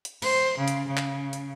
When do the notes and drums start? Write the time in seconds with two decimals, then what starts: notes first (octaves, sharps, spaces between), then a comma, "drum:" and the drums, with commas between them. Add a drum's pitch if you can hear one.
0.05 drum: hi-hat
0.22 C5, drum: cymbal
0.58 C#3
0.68 drum: hi-hat
0.88 C#3
0.98 drum: clap
1.33 drum: hi-hat